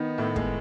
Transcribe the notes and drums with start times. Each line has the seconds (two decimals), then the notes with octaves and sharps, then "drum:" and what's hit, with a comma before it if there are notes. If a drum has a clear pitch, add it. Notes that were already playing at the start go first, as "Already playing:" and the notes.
Already playing: D#3 B3 D#4
0.18 A2 A3
0.36 G#3, drum: kick